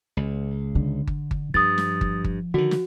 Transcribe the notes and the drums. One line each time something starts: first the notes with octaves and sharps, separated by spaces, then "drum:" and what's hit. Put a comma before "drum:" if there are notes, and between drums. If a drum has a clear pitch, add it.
C#2
D3
drum: kick G1
drum: kick G1
G2 F3 D#6 A6
drum: snare
drum: kick G1
drum: kick G1
D3 D#3 F#4
drum: snare